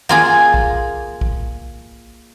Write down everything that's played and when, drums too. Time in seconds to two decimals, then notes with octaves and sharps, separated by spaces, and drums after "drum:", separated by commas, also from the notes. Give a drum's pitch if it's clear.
0.09 A#3 F4 G#4
0.54 drum: kick
1.21 drum: kick